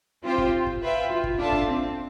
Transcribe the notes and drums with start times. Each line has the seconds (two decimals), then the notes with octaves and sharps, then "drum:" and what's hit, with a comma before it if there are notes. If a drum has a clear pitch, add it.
0.23 C4 F4 G4 C5 G5
0.38 drum: kick
0.67 drum: kick
0.81 F4 B4 E5 G5
1.10 F4
1.24 drum: kick
1.38 D4 F4 A4 E5 A5
1.52 drum: kick
1.67 C4